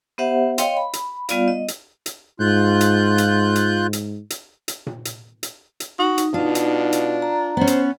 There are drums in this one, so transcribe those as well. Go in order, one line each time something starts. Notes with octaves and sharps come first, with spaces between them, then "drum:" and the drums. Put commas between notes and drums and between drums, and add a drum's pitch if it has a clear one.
B3 G4 C5 E5 F#5
C#5 D#5 F5 G5 C6, drum: hi-hat
B5
drum: hi-hat
G3 B3 F4 D5 F5, drum: hi-hat
D#5
drum: hi-hat
drum: hi-hat
G#2 F4 F#6 G6
drum: hi-hat
drum: hi-hat
drum: hi-hat
drum: hi-hat
drum: hi-hat
drum: hi-hat
drum: tom A#2
drum: hi-hat
drum: hi-hat
drum: hi-hat
D#4 F#4
drum: hi-hat
B2 D4 F4
drum: hi-hat
drum: hi-hat
A#5
B3 C#4 C5
drum: hi-hat